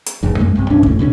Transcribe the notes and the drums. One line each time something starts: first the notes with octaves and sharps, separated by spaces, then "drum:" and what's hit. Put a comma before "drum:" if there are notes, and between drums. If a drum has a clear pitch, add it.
drum: hi-hat
F1 A#1 G#2
F#2 G#3 A#3
B1 G2 C3
G2 C#4 D4
F1 A2, drum: kick
B2 D3 A3 C#4